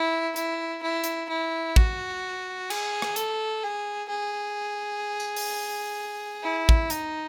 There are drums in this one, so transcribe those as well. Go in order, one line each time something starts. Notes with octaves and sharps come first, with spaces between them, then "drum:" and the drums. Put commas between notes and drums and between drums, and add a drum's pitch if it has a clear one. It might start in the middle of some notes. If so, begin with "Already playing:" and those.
Already playing: E4
E4, drum: hi-hat
E4
drum: hi-hat
E4
F#4, drum: kick
G#4, drum: cymbal
drum: rim click
A4, drum: hi-hat
G#4
G#4
drum: tambourine
drum: open hi-hat
E4
drum: kick
D#4, drum: hi-hat